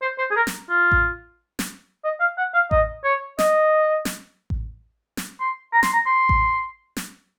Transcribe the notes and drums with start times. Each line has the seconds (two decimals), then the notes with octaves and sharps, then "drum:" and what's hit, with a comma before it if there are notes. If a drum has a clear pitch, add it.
0.02 C5
0.18 C5
0.31 G#4
0.36 A#4
0.47 drum: snare
0.69 F4
0.92 drum: kick A1
1.59 drum: snare
2.04 D#5
2.20 F5
2.38 F#5
2.54 F5
2.71 D#5, drum: kick A1
3.04 C#5
3.39 D#5, drum: snare
4.05 drum: snare
4.50 drum: kick A1
5.17 drum: snare
5.40 C6
5.73 A#5
5.83 C6, drum: snare
5.93 A#5
6.06 C6
6.29 drum: kick A1
6.97 drum: snare